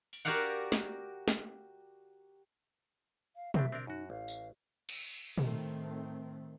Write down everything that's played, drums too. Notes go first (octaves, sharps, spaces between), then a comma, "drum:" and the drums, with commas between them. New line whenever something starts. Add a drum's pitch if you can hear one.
drum: open hi-hat
F#4 G4 A#4 D5 F5 F#5
drum: snare
drum: snare
F5
A2 C4 D4 E5, drum: tom
C4 D4 A#4
F#2 D#4 F#4
A1 F5
drum: tambourine
drum: cymbal
A2 D#3 A3 C4, drum: tom A#2